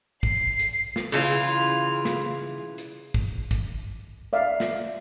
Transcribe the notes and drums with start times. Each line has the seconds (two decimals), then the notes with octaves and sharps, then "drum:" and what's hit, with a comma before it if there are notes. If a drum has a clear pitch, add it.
0.23 C7, drum: kick
0.59 drum: hi-hat
0.96 drum: snare
1.12 C#3 E3 F4
1.32 drum: hi-hat
2.05 drum: snare
2.78 drum: hi-hat
3.14 drum: kick
3.51 drum: kick, hi-hat
4.33 D5 E5 F5
4.60 drum: snare